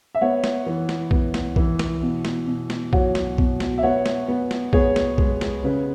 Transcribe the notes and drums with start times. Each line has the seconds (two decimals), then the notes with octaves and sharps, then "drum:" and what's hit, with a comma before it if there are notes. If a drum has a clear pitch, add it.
0.15 E5
0.21 B3 C#5 F#5
0.44 drum: snare
0.66 E3
0.89 drum: snare
1.11 B3, drum: kick B1
1.34 drum: snare
1.56 E3, drum: kick B1
1.79 drum: snare
2.03 B2
2.25 drum: snare
2.47 B2
2.70 drum: snare
2.93 F#3 C#5 F#5, drum: kick B1
3.15 drum: snare
3.38 B2, drum: kick B1
3.60 drum: snare
3.78 E5
3.83 B3 C#5 F#5
4.06 drum: snare
4.28 B3
4.51 drum: snare
4.73 B3 G#4 C#5, drum: kick B1
4.96 drum: snare
5.18 G#3, drum: kick B1
5.41 drum: snare
5.64 C#3 B4